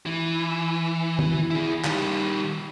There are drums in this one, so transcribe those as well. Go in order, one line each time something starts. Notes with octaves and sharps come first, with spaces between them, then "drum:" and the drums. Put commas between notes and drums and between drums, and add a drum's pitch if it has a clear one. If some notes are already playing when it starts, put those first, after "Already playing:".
E3
drum: tom
E4 G#4
D#3 G3, drum: clap